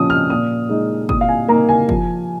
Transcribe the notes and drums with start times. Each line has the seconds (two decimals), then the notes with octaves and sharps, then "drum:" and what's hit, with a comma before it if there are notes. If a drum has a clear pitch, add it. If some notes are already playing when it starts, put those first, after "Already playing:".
Already playing: A#2 F3 C#4 D#6
0.10 F6
0.30 A#2 D#6
0.69 G#3 D#4
1.09 A#2 D#6, drum: kick
1.21 F5
1.29 G#5
1.48 A#3 D#4 A#5
1.69 G#5
1.89 F3, drum: kick